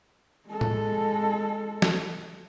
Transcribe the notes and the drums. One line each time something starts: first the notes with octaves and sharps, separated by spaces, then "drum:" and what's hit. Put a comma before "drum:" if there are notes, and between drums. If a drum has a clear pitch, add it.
G#3 A4
drum: tom A2
drum: snare